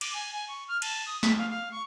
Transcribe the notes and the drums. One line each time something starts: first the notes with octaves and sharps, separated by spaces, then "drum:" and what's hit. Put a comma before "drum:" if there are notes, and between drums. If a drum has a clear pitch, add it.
D6, drum: cymbal
G#5
G#5
C#6
F6
A5, drum: cymbal
D#6
B6, drum: snare
F5
F5
C#6